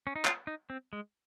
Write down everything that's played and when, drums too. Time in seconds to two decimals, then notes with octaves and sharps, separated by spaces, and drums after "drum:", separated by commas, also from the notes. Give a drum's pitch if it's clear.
0.07 C#4
0.16 D#4
0.25 F4, drum: clap
0.47 D#4
0.70 C4
0.93 G#3